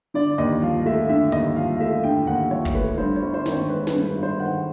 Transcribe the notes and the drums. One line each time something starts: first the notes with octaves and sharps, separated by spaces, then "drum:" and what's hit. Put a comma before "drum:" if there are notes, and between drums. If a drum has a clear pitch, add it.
D3 D5
D#2 D#5
F3 F5
A3 E5
D3 E5
D#2 D#5, drum: hi-hat
F3 F5
A3 E5
D3 G5
D#2 F#5
F3 C#5
drum: kick
A3 B4
G2 C5
C#5
G1
C5
D#3, drum: snare
C#5
G#3 B4
B4, drum: snare
G2
B4
G1
C5
D#3 F#5